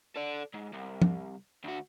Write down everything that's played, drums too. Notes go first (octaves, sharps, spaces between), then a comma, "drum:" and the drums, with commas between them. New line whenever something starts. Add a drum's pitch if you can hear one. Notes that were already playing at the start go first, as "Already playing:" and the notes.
A4 D5
G#2
C2
drum: tom
D2 F#4